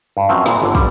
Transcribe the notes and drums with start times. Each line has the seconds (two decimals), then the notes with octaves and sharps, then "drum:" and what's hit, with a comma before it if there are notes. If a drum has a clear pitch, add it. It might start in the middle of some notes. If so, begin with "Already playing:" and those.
0.17 G2
0.29 F#2 F3 F#3 C4 C#4 F5
0.46 A#2 B3 C4, drum: snare
0.62 G1 D3 C5 C#5 A#5
0.75 G3 B4 D5, drum: kick, hi-hat